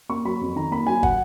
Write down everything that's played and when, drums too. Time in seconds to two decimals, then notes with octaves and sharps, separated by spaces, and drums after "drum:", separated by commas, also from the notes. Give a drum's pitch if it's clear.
0.09 A#3 C#6
0.25 F#3 B5
0.41 F2
0.56 D#3 A#5
0.72 A#3 B5
0.87 F#3 G#5
1.03 F#5, drum: kick